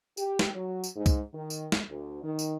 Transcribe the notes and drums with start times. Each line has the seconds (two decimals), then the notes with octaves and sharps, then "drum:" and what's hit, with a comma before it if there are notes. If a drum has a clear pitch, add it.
0.17 G4, drum: tambourine
0.39 drum: snare
0.54 F#3
0.84 drum: tambourine
0.95 G#2
1.06 drum: kick C2, tambourine
1.33 D#3
1.50 drum: tambourine
1.72 drum: snare
1.88 D2
2.23 D#3
2.39 drum: tambourine